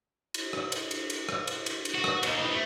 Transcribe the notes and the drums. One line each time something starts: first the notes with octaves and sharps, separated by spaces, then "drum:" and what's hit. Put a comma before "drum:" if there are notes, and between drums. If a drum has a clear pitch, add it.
drum: cymbal
drum: rim click
drum: cymbal
drum: cymbal
drum: cymbal
drum: rim click
drum: cymbal
drum: cymbal
drum: cymbal
F#4
drum: rim click
D#2 D#3, drum: cymbal
D#3 E3
A3